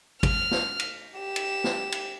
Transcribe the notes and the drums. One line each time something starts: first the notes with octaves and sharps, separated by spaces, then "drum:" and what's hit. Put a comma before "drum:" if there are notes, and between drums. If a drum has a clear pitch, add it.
F6, drum: kick G#1, cymbal
drum: snare
drum: cymbal
G4 E7
drum: cymbal
drum: snare
drum: cymbal